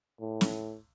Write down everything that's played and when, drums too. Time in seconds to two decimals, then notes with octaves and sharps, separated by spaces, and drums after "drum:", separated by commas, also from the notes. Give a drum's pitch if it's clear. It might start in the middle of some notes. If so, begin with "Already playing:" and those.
0.21 A2
0.41 drum: snare